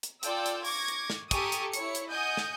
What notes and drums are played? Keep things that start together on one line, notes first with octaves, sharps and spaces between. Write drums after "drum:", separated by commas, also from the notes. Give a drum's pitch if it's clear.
drum: hi-hat
F4 A4 D5 G5 E6, drum: hi-hat
drum: hi-hat
C#6 D6 G#6 A#6, drum: open hi-hat
drum: hi-hat
drum: snare
G4 A4 G#5 A#5 C#6 D#6, drum: kick, hi-hat
drum: hi-hat
E4 C#5 C#7, drum: hi-hat
drum: hi-hat
D#5 F#5 G#5 D#6 G6
drum: snare